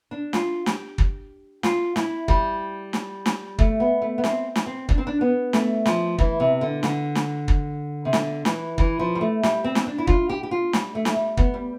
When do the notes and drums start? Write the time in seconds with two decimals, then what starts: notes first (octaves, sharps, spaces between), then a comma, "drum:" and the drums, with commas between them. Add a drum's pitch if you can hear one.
0.11 D4
0.33 F4, drum: snare
0.66 G4, drum: snare
0.98 drum: kick
1.63 F4, drum: snare
1.96 E4, drum: snare
2.28 G3, drum: kick
2.93 drum: snare
3.26 drum: snare
3.59 A3, drum: kick
3.80 B3
4.02 A3
4.18 B3
4.24 C4, drum: snare
4.56 drum: snare
4.66 C4
4.89 D4, drum: kick
4.98 C4
5.07 D4
5.21 B3
5.53 A3, drum: snare
5.86 F3, drum: snare
6.18 E3, drum: kick
6.40 C3
6.61 D3
6.83 D3, drum: snare
7.15 drum: snare
7.48 drum: kick
8.05 C3
8.13 D3, drum: snare
8.45 E3, drum: snare
8.78 E3, drum: kick
8.99 F3
9.15 G3
9.21 A3
9.43 G3, drum: snare
9.64 C4
9.75 drum: snare
9.87 D4
9.98 E4
10.07 F4, drum: kick
10.29 G4
10.43 G4
10.51 F4
10.73 G3, drum: snare
10.95 A3
11.05 drum: snare
11.16 G3
11.37 B3, drum: kick
11.54 G3